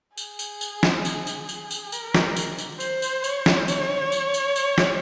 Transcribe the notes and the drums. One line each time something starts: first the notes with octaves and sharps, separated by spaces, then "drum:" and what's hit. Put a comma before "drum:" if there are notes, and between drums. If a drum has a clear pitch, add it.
G#4, drum: tambourine
drum: tambourine
drum: tambourine
drum: snare
drum: tambourine
drum: tambourine
drum: tambourine
drum: tambourine
A#4, drum: tambourine
drum: snare
drum: tambourine
drum: tambourine
C5, drum: tambourine
drum: tambourine
C#5, drum: tambourine
drum: snare
drum: tambourine
drum: tambourine
drum: tambourine
drum: tambourine
drum: snare